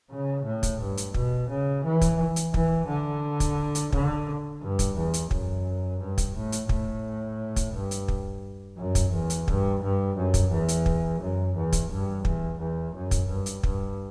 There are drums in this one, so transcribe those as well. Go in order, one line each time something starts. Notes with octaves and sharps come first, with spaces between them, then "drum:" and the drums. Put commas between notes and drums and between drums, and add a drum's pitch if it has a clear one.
C#3
A2
drum: kick, hi-hat
G2
drum: hi-hat
B2, drum: kick
C#3
E3
drum: kick, hi-hat
drum: hi-hat
E3, drum: kick
D3
drum: kick, hi-hat
drum: hi-hat
D3, drum: kick
G2
drum: kick, hi-hat
E2
drum: hi-hat
F#2, drum: kick
G2
drum: kick, hi-hat
A2
drum: hi-hat
A2, drum: kick
drum: kick, hi-hat
G2
drum: hi-hat
drum: kick
F#2
drum: kick, hi-hat
E2
drum: hi-hat
G2, drum: kick
G2
F#2
drum: kick, hi-hat
E2
drum: hi-hat
drum: kick
F#2
E2
drum: kick, hi-hat
G2
E2, drum: kick
E2
F#2
drum: kick, hi-hat
G2
drum: hi-hat
G2, drum: kick